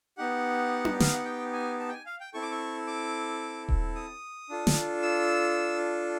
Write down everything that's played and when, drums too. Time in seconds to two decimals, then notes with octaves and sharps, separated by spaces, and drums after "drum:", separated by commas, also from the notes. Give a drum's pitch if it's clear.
0.17 B3 D#4 G4 F#5
0.85 drum: tom D4
1.00 F5, drum: snare
1.13 F#5
1.25 G5
1.53 G#5
1.80 A5
1.89 G5
1.93 G#5
2.06 F5
2.20 G5
2.34 C4 E4 A4 C#6
2.42 D6
2.52 C#6
2.87 D6
3.69 drum: kick D#1
3.96 D#6
4.50 D4 F4 A4
4.67 drum: snare
5.02 E6